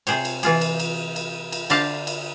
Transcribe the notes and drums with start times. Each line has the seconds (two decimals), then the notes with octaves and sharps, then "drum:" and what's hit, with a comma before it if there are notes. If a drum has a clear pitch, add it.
0.07 C3 G#4 C5 C#5, drum: cymbal
0.25 drum: cymbal
0.43 E3 F4 G#4, drum: cymbal
0.61 drum: cymbal
0.80 drum: cymbal
1.16 drum: cymbal
1.52 drum: cymbal
1.70 D3 D4 C5 D5 F5 A5, drum: cymbal
2.07 drum: cymbal